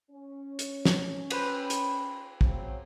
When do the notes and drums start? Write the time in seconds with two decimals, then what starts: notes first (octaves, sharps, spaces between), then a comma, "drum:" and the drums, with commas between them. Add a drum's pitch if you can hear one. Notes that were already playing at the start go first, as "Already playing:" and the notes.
0.11 C#4
0.59 drum: hi-hat
0.85 drum: snare
1.30 G4 B4 C5, drum: cymbal
1.70 drum: hi-hat
2.41 C#3 F#3 C4, drum: kick